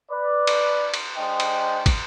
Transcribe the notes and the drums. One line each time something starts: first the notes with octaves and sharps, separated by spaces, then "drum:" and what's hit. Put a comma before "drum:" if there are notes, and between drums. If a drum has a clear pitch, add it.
B4 D5
drum: cymbal
drum: cymbal
G#3 D4 C5 D#5 G5
drum: cymbal
drum: kick, cymbal